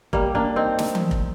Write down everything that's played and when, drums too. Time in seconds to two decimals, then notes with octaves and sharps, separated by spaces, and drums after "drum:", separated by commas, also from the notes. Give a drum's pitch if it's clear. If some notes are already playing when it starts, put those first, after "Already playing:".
0.13 G3 A#3, drum: kick F1
0.35 A#3 D4
0.56 C4 D#4
0.79 drum: snare
0.95 drum: tom E3
1.11 drum: kick F1